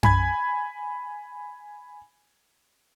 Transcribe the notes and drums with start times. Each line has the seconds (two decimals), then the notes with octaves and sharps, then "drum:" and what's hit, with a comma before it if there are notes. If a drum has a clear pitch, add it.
0.03 G#5 B5 G#6, drum: tom F#2